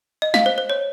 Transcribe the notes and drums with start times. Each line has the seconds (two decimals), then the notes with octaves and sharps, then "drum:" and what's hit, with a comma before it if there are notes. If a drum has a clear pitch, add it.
0.22 D#5
0.34 F5, drum: snare
0.46 C5
0.58 C5
0.70 C#5